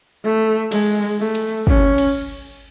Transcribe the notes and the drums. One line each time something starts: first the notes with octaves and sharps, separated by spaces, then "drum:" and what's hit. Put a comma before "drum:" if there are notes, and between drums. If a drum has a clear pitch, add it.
A3
G#3, drum: cymbal
A3
drum: cymbal
C#4, drum: kick
drum: cymbal